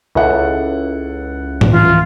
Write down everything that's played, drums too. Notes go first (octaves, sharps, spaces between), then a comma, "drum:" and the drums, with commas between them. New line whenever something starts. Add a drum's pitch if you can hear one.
C#2 E4 A4 F#5
drum: tom
E3 F4